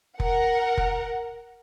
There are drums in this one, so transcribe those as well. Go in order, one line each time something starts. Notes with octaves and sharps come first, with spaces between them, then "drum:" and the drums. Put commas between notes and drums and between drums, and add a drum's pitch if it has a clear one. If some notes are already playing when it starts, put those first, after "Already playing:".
A#4 F#5, drum: kick F1
drum: kick F1